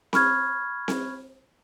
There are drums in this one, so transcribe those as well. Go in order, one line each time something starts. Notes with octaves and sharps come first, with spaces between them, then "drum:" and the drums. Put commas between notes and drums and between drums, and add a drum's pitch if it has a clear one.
B5 C#6 F6 G#6, drum: snare C4
drum: snare C4